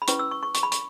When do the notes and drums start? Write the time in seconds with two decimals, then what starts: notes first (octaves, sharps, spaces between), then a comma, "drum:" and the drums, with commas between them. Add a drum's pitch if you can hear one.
0.02 B5
0.08 C#4 E4 B4 C#6, drum: hi-hat
0.19 E6
0.31 C#6
0.43 C#6
0.55 C#6, drum: hi-hat
0.63 B5
0.72 C#6, drum: hi-hat